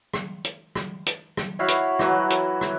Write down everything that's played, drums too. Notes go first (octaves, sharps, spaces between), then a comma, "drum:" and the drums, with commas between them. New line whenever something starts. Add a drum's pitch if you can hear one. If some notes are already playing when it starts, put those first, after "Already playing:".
drum: rim click
drum: hi-hat
drum: rim click
drum: hi-hat
drum: rim click
E4 F#4 C#5 F5
drum: hi-hat
E3 F#3, drum: rim click
drum: hi-hat
drum: rim click